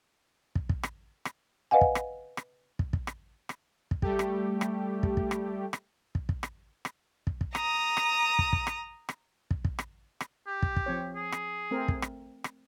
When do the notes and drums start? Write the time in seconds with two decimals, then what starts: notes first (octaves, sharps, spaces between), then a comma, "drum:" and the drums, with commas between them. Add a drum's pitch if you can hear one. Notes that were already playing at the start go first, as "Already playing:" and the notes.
0.55 drum: kick
0.69 drum: kick
0.83 drum: rim click
1.25 drum: rim click
1.71 B4 D#5 F5 F#5 G#5
1.81 drum: kick
1.95 drum: rim click
2.37 drum: rim click
2.79 drum: kick
2.93 drum: kick
3.07 drum: rim click
3.49 drum: rim click
3.91 drum: kick
4.02 G3 A3 G4, drum: kick
4.19 drum: rim click
4.61 drum: rim click
5.03 drum: kick
5.17 drum: kick
5.31 drum: rim click
5.73 drum: rim click
6.15 drum: kick
6.29 drum: kick
6.43 drum: rim click
6.85 drum: rim click
7.27 drum: kick
7.41 drum: kick
7.55 A#5 D#6, drum: rim click
7.97 drum: rim click
8.39 drum: kick
8.53 drum: kick
8.67 drum: rim click
9.09 drum: rim click
9.51 drum: kick
9.65 drum: kick
9.79 drum: rim click
10.21 drum: rim click
10.47 G4
10.62 drum: kick
10.76 drum: kick
10.86 F3 C4 C#5
11.16 G#4
11.32 drum: rim click
11.71 A3 C4 A#4
11.88 drum: kick
12.02 drum: rim click
12.44 drum: rim click